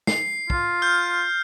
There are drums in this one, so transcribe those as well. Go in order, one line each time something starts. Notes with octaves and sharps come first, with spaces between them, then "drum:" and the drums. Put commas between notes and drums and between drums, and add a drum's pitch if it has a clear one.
C7, drum: snare
F4, drum: kick
F6 G6